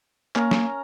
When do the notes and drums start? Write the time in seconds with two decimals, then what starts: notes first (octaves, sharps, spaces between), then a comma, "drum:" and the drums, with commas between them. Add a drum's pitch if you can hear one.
0.36 A#3 C#4 A#4 A#5, drum: clap
0.51 drum: snare